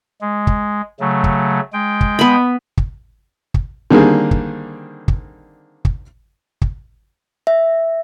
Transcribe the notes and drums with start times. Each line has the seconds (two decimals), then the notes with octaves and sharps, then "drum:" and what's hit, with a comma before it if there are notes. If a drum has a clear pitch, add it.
0.21 G#3
0.47 drum: kick
1.00 C#3 F#3 A3
1.24 drum: kick
1.73 G#3 G5
2.01 drum: kick
2.19 B3 B5
2.77 drum: kick
3.54 drum: kick
3.90 D3 D#3 G3 A#3 C4 G#4
4.31 drum: kick
5.08 drum: kick
5.85 drum: kick
6.62 drum: kick
7.47 E5